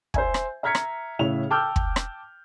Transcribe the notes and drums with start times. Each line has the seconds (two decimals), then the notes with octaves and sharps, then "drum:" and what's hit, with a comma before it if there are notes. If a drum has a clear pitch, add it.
0.14 C5 E5 G#5, drum: kick
0.34 drum: rim click
0.63 E5 A#5 F6 G#6 B6 C#7
0.75 drum: rim click
1.19 A2 C#3 E5 F7
1.50 G5 A5 D6 E6 F6 G6
1.76 drum: kick
1.96 drum: rim click